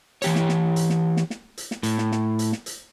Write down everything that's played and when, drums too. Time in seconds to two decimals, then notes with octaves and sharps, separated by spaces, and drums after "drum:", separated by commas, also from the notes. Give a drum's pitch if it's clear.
0.22 E3 G4 C#5, drum: hi-hat
0.35 drum: snare
0.49 drum: snare
0.76 drum: hi-hat
0.90 drum: snare
1.17 drum: snare
1.30 drum: snare
1.57 drum: hi-hat
1.71 drum: snare
1.83 A2, drum: hi-hat
1.98 drum: snare
2.12 drum: snare
2.39 drum: hi-hat
2.52 drum: snare
2.66 drum: hi-hat